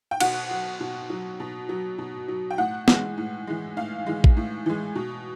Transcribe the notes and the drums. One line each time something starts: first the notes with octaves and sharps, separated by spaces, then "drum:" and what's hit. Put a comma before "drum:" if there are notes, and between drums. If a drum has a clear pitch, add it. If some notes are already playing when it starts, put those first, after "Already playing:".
G5
B2 F#5, drum: cymbal
F#3
B2
F#3
B2
F#3
B2
F#3
G5
A2 F#5
E3 G#3, drum: snare
A2
E3 G#3
A2 F5
E3 G#3
drum: kick A1
A2
E3 G#3
B2